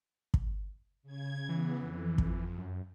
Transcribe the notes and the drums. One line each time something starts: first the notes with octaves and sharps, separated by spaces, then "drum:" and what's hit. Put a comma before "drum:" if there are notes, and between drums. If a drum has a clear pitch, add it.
drum: kick
C#3 G#6
C#3 E3 B3
F2
drum: kick
F#2